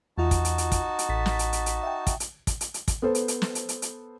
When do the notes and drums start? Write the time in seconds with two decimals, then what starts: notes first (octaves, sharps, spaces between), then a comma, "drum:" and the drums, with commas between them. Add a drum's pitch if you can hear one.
0.18 E2 D#4 F4 F#4 A5
0.31 drum: kick, hi-hat
0.45 drum: hi-hat
0.58 drum: hi-hat
0.72 drum: kick, hi-hat
0.99 drum: hi-hat
1.09 A1 A6 B6
1.26 drum: snare
1.39 drum: hi-hat
1.53 drum: hi-hat
1.66 drum: hi-hat
1.83 E5 G5
2.07 drum: kick, hi-hat
2.20 drum: hi-hat
2.47 drum: kick, hi-hat
2.61 drum: hi-hat
2.74 drum: hi-hat
2.88 drum: kick, hi-hat
3.02 B3 A4 C5
3.15 drum: hi-hat
3.28 drum: hi-hat
3.42 drum: snare
3.55 drum: hi-hat
3.69 drum: hi-hat
3.82 drum: hi-hat